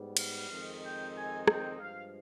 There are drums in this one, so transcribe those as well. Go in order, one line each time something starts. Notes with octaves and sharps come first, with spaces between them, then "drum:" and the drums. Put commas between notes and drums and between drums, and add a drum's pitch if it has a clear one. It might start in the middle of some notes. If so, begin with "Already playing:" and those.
Already playing: G#2 G3 B3
F5, drum: cymbal
F2 D#3 G#3 C4 D#4
G5
G#5
G5, drum: rim click
G2 F3 G#3 F5